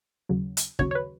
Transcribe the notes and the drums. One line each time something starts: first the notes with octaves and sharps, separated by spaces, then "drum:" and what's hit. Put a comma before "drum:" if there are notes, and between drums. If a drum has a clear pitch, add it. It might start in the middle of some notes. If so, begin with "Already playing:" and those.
D#2 C#3 F#3
drum: hi-hat
D#2 C#3 F#3 C#5, drum: kick
C#5
B4